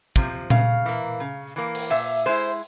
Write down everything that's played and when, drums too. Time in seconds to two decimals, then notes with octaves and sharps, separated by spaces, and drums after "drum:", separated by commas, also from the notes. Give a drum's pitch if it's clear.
0.16 C3 F3, drum: kick
0.50 C#3 F5, drum: tom A#2
0.85 E3 A#3
1.20 C#3
1.56 E3 A#3
1.75 drum: open hi-hat
1.90 A#2 E5
2.26 G#3 E4 C5